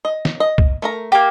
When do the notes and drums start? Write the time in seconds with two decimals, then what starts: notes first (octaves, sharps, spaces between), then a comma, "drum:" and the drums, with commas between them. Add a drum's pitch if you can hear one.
0.05 D#5
0.25 drum: snare
0.40 D#5
0.58 drum: kick C2
0.82 A3 A#4 A#5
1.12 A#3 G4